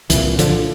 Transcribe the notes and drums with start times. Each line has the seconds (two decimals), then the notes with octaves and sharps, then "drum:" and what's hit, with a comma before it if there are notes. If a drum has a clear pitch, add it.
0.10 C2 A#2 E3, drum: hi-hat
0.39 D3 F3, drum: hi-hat